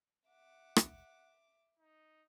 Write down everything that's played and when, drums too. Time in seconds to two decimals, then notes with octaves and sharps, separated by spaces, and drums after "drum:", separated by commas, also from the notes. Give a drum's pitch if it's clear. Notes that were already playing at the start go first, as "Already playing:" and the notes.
0.29 E5 F#5 D6
0.76 drum: rim click
1.79 D#4